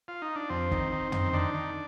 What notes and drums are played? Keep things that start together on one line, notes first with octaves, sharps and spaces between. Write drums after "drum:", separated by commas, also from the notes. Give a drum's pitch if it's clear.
F4
D#4
D4
F2 C4
D#3, drum: kick
D#3
D#3, drum: tom
D#3 D4
D#3